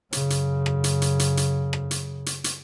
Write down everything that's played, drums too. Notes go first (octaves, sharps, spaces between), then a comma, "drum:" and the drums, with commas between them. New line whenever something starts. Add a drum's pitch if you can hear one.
F#2 C#3, drum: hi-hat
drum: hi-hat
drum: rim click
drum: hi-hat
drum: hi-hat
drum: hi-hat
drum: hi-hat
drum: rim click
drum: hi-hat
drum: hi-hat
drum: hi-hat